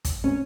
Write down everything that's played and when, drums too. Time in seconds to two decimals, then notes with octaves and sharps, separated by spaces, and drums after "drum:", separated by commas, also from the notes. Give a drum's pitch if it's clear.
0.05 drum: kick, hi-hat
0.24 C#4